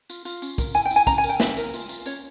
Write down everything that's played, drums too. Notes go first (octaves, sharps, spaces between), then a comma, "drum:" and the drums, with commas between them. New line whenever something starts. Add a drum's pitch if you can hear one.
F4, drum: tambourine
F4, drum: tambourine
C#4, drum: tambourine
A#4, drum: kick, tambourine
E4 G#5, drum: tambourine
G5
E4, drum: tambourine
G#5
C#4 A#5, drum: kick, tambourine
G#5
A#4, drum: tambourine
G5
C#4 E5, drum: snare
A#4, drum: tambourine
F4, drum: tambourine
F4, drum: tambourine
C#4 C#5, drum: tambourine